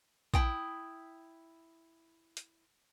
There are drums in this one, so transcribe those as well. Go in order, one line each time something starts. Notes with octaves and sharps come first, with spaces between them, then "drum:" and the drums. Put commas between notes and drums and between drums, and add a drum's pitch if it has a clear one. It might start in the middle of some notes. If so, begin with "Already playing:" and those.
E4 G5 D#6, drum: kick A#1
drum: hi-hat